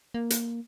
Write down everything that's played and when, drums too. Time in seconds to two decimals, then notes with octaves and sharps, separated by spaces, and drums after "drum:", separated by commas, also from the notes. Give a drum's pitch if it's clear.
0.14 A#3
0.30 drum: hi-hat